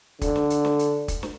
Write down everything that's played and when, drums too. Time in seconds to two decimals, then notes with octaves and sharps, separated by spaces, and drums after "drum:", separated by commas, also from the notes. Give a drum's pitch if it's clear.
0.21 D3, drum: kick, hi-hat
0.36 drum: snare
0.50 drum: hi-hat
0.65 drum: snare
0.79 drum: hi-hat
1.08 drum: kick, hi-hat
1.23 drum: snare